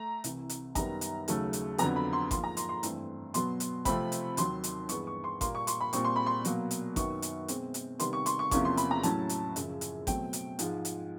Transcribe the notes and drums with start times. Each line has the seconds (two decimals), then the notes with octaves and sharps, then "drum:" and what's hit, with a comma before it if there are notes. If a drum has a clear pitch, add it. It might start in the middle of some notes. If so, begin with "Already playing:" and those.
Already playing: A3 A#5
0.24 C2 C3 E3, drum: hi-hat
0.49 drum: hi-hat
0.75 F#2 D#3 G3 B3 A#5, drum: kick G#1, hi-hat
1.01 drum: hi-hat
1.28 D#2 C#3 F#3 A3, drum: hi-hat
1.53 drum: hi-hat
1.78 F2 D3 F#3 B3 A#5, drum: hi-hat
1.96 B5
2.13 C6
2.31 G#2 F3 A#3 C6, drum: kick G#1, hi-hat
2.44 A#5
2.57 C6, drum: hi-hat
2.69 C6
2.83 G2 E3 A3 C4, drum: hi-hat
3.34 B2 F#3 B3 C6, drum: hi-hat
3.60 drum: hi-hat
3.85 C3 F3 A3 C4 B5, drum: kick G#1, hi-hat
4.12 drum: hi-hat
4.37 D#2 D#3 F#3 C6, drum: hi-hat
4.64 drum: hi-hat
4.89 G2 E3 G#3 B3 C#6, drum: hi-hat
5.07 C#6
5.24 C6
5.41 A#2 G3 A#3 C6, drum: kick G#1, hi-hat
5.55 C#6
5.67 C6, drum: hi-hat
5.81 B5
5.93 A#2 G3 C4 C#6, drum: hi-hat
6.05 C6
6.16 B5
6.26 C6
6.45 B2 F#3 A#3, drum: hi-hat
6.71 drum: hi-hat
6.96 F#2 D#3 F#3 B3 C#6, drum: kick G#1, hi-hat
7.22 drum: hi-hat
7.48 B2 G#3 C4, drum: hi-hat
7.74 drum: hi-hat
8.00 C3 D#3 G3 B3 C6, drum: hi-hat
8.13 C#6
8.26 C6, drum: hi-hat
8.39 C#6
8.51 E2 C3 F3 A#3 C#4 C#6, drum: kick G#1, hi-hat
8.65 C6
8.77 B5, drum: hi-hat
8.91 A#5
9.03 A2 F#3 A3 C#4 A5, drum: hi-hat
9.29 drum: hi-hat
9.56 F#2 C#3 F3, drum: hi-hat
9.81 drum: hi-hat
10.07 B2 F#3 A3 C4 G5, drum: kick G#1, hi-hat
10.33 drum: hi-hat
10.59 G#2 F3 G#3, drum: hi-hat
10.85 drum: hi-hat